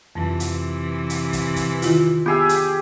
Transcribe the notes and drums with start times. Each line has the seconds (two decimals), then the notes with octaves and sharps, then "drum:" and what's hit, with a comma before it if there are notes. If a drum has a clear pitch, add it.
0.15 F2 C3 E3
0.40 drum: hi-hat
1.10 drum: hi-hat
1.33 drum: kick, hi-hat
1.56 drum: kick, hi-hat
1.82 D#3 E4 F4, drum: hi-hat
2.26 B3 G4 G#4 E5
2.49 drum: hi-hat